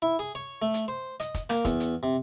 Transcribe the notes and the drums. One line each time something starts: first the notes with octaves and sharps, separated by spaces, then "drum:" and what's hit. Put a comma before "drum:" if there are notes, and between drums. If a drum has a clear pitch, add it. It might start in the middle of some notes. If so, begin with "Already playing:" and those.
E4
G#4
C#5
A3
drum: hi-hat
C5
D#5, drum: hi-hat
drum: kick, hi-hat
A#3, drum: rim click
E2, drum: kick, hi-hat
drum: hi-hat
C3